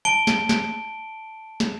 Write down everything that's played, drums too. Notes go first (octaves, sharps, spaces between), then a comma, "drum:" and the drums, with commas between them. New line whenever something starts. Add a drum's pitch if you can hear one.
A5 D7 G7
drum: snare
drum: snare
drum: snare